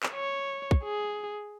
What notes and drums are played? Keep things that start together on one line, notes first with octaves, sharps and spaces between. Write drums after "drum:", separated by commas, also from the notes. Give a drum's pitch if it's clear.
drum: clap
C#5
drum: kick
G#4